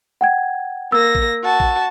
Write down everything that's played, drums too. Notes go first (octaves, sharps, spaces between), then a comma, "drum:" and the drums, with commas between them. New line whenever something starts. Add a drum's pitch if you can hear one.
F#5 G5 G#6
A#3 E6 A#6
drum: kick
F#4 A5
drum: kick